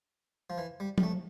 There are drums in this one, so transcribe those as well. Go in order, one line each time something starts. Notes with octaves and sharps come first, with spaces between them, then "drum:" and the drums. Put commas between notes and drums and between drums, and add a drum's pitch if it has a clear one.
F3
E3
G3
G3, drum: tom F3
A3